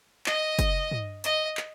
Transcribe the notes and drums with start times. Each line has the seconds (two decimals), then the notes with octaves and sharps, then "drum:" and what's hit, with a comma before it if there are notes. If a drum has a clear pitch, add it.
0.26 D#5, drum: clap
0.59 drum: kick, hi-hat
0.92 drum: tom
1.24 D#5, drum: hi-hat
1.57 drum: clap